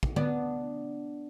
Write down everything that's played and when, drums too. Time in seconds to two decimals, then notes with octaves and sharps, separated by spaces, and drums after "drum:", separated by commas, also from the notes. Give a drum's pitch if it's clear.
0.03 drum: kick
0.16 B3 D4, drum: tom D3